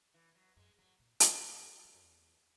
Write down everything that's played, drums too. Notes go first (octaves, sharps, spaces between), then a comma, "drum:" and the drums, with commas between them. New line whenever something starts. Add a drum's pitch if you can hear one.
E3
F#3
F#2 G#3
G#2 F#3
A#2
F#2, drum: hi-hat
E2
F#2
E2